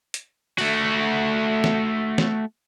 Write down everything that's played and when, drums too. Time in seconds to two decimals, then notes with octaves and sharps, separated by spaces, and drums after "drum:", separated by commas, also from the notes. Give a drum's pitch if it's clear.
0.14 drum: hi-hat
0.58 A3 F#4, drum: open hi-hat
1.64 drum: snare
2.18 drum: snare